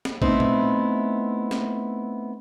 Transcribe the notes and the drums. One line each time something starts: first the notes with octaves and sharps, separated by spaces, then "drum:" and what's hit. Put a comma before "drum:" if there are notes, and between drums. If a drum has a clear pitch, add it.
drum: snare
A3 B3 C4 D#4 E4, drum: kick A#1
drum: tom A#2
drum: snare